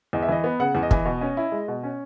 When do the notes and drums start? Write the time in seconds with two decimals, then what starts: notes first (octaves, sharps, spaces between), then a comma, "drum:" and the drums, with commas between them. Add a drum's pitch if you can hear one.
0.13 E2 D#5
0.22 E5
0.29 E3 D#5
0.44 B3
0.60 C#3 F#5
0.75 E2
0.83 D#5
0.91 E3, drum: kick
1.05 B2
1.21 C#4
1.37 E4
1.52 G#3
1.68 B2
1.83 C#4